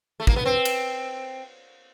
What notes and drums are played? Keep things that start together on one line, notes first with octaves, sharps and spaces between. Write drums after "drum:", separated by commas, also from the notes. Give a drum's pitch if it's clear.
A3
A#3, drum: kick
B3
C4
drum: cymbal